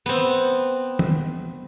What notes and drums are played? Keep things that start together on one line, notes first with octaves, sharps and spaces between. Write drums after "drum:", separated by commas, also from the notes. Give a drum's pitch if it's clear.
B3 C4
drum: tom